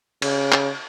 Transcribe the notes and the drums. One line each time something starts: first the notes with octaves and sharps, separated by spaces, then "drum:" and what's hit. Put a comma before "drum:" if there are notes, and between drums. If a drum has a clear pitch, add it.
C#3, drum: cymbal
drum: clap